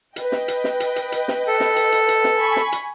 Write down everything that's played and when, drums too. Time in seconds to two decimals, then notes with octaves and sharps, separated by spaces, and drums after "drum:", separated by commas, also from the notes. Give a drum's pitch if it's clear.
0.16 B4 D#5 G5, drum: hi-hat
0.32 drum: snare
0.48 drum: hi-hat
0.64 drum: snare
0.80 drum: hi-hat
0.96 drum: hi-hat
1.12 drum: hi-hat
1.28 drum: snare
1.48 A4
1.60 drum: snare
1.76 drum: hi-hat
1.92 drum: hi-hat
2.08 drum: hi-hat
2.24 drum: snare
2.36 G#5 B5 C#6
2.56 drum: snare
2.72 drum: hi-hat